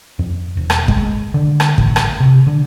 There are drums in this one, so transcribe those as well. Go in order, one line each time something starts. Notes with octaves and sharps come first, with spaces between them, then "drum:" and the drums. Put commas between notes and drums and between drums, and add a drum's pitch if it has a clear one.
F2
E1
drum: rim click
G#3, drum: kick
D3
drum: rim click
A1, drum: kick
drum: rim click
C3
D3